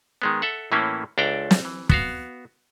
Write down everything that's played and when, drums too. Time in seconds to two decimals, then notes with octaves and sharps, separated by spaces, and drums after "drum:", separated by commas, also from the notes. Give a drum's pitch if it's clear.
0.22 D#3 G#3 B3
0.42 A4 E5 F#5
0.72 A2 E3 A3 A#3 C#4 E4
1.18 C#2 D4 A4 D5 G5 A#5
1.51 drum: snare
1.65 E3
1.89 B3 F#4 F5, drum: kick